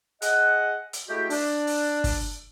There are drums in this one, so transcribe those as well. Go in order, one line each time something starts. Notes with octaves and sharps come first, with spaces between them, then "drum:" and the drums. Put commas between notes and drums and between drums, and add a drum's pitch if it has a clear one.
G#4 D#5 F#5, drum: hi-hat
drum: hi-hat
G#3 A3 E4 F#4 G4
D4, drum: open hi-hat
drum: open hi-hat
drum: kick, open hi-hat